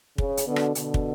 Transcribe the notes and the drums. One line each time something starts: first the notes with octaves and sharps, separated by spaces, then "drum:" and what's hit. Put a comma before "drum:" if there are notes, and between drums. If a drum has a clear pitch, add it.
C#3, drum: kick
drum: hi-hat
B2 D3
drum: rim click
B2 D3, drum: hi-hat
drum: kick